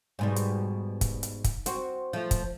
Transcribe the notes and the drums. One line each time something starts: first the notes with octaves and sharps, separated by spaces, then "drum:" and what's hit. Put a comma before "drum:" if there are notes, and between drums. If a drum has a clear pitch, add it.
G#2 B2 G3
drum: hi-hat
drum: kick, hi-hat
drum: hi-hat
drum: kick, hi-hat
C4 F#4, drum: hi-hat
F3 A3
drum: kick, hi-hat